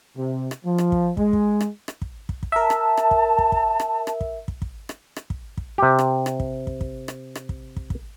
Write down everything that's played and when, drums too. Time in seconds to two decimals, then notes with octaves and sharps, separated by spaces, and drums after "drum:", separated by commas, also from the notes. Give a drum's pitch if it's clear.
0.16 C3
0.51 drum: rim click
0.65 F3
0.78 drum: rim click
0.92 drum: kick
1.17 G#3, drum: kick
1.33 drum: kick
1.61 drum: rim click
1.88 drum: rim click
2.02 drum: kick
2.29 drum: kick
2.43 drum: kick
2.52 A#4 E5 A5
2.70 drum: rim click
2.97 drum: rim click
3.11 drum: kick
3.38 drum: kick
3.52 drum: kick
3.80 drum: rim click
4.07 drum: rim click
4.21 drum: kick
4.48 drum: kick
4.62 drum: kick
4.89 drum: rim click
5.16 drum: rim click
5.30 drum: kick
5.57 drum: kick
5.78 C3 G4
5.99 drum: rim click
6.26 drum: rim click
6.40 drum: kick
6.67 drum: kick
6.81 drum: kick
7.08 drum: rim click
7.35 drum: rim click
7.49 drum: kick
7.76 drum: kick
7.90 drum: kick